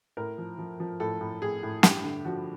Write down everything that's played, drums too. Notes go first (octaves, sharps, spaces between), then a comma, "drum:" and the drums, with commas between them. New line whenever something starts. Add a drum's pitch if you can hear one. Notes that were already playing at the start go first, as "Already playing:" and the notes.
A2 A#4
F3
F3
F3
A2 A4
A2
A2 G#4
A2
G2 G4, drum: snare
D3
F3 F#4